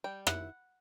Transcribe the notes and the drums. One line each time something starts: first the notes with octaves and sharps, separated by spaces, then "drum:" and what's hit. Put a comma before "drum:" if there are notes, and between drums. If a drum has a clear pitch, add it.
G3 G5
E4 F#5, drum: rim click